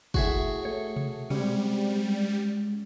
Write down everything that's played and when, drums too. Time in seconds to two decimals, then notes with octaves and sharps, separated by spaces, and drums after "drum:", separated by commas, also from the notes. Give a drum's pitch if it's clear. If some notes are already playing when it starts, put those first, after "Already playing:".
0.14 A2 F#4 G#4 E5, drum: kick
0.65 A3 A4 C#5
0.96 drum: tom B2
1.30 G3 G#3 C4 C#4, drum: tom B2